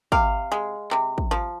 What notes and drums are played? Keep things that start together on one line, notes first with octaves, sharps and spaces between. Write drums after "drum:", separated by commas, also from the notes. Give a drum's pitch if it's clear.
C3 F5, drum: kick
G#3
C3, drum: clap
drum: kick
F3